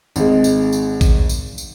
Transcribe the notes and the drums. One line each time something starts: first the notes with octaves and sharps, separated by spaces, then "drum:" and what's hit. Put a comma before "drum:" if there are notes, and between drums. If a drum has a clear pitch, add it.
G#1 G#3, drum: tambourine
drum: tambourine
drum: tambourine
drum: kick A1, tambourine
drum: tambourine
drum: tambourine